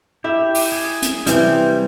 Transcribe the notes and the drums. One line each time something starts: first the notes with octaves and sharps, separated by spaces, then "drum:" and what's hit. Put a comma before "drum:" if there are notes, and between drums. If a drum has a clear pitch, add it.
E4 G4 E5
drum: open hi-hat
G#4
drum: hi-hat
C3 E3 G3 G5, drum: hi-hat